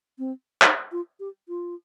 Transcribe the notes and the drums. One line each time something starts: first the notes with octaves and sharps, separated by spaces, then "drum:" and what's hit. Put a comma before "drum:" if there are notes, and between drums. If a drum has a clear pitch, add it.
C4
D#4, drum: clap
F4
G4
F4